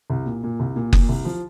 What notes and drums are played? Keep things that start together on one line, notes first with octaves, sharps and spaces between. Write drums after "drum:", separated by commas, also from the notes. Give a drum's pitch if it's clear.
C2
A#2
A#2
C2
A#2
A#2, drum: kick F#1
C2
F3